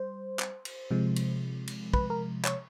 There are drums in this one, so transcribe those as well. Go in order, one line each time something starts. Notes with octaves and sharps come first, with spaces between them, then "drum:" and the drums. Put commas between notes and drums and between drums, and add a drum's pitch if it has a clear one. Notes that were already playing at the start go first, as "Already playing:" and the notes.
Already playing: G3 C5
drum: clap
drum: cymbal
C3 F3 G#3
drum: cymbal
drum: cymbal
B4, drum: kick
A#4
C#5, drum: clap